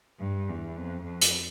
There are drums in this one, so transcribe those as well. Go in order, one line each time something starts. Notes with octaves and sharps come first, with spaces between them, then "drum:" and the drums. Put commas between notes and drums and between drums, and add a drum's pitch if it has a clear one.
G2
E2
F2
F2
drum: hi-hat